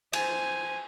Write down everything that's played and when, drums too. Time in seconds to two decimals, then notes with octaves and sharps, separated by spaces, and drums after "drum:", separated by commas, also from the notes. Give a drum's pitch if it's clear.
0.13 C5 G#5, drum: cymbal